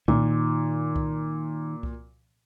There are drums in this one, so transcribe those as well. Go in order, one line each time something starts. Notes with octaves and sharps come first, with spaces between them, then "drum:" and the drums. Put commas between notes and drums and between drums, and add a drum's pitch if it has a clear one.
A#2 D#3, drum: kick C2
drum: kick C2
drum: kick C2